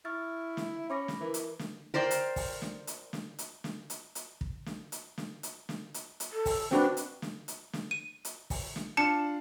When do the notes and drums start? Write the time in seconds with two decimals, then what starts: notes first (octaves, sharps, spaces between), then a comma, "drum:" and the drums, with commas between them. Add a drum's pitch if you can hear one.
0.05 E4 C#6 F6 A6
0.57 drum: snare
0.90 C#4 B5 D6 A#6
1.08 drum: snare
1.21 E3 A#4
1.34 drum: hi-hat
1.59 drum: snare
1.94 A#4 C5 D5 G5
2.11 drum: hi-hat
2.36 drum: kick, open hi-hat
2.62 drum: snare
2.87 drum: hi-hat
3.13 drum: snare
3.39 drum: hi-hat
3.64 drum: snare
3.90 drum: hi-hat
4.15 drum: hi-hat
4.41 drum: kick
4.66 drum: snare
4.92 drum: hi-hat
5.18 drum: snare
5.43 drum: hi-hat
5.69 drum: snare
5.94 drum: hi-hat
6.20 drum: hi-hat
6.33 A4
6.46 drum: kick, open hi-hat
6.71 C4 D4 F#4 B4, drum: snare
6.97 drum: hi-hat
7.22 drum: snare
7.48 drum: hi-hat
7.73 drum: snare
7.91 D#7
8.25 drum: hi-hat
8.50 drum: kick, open hi-hat
8.76 drum: snare
8.97 D4 F4 A5 C#7